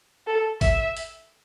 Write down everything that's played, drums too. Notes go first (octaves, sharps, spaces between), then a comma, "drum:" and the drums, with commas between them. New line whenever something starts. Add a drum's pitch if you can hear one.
A4
E5, drum: kick, hi-hat
drum: hi-hat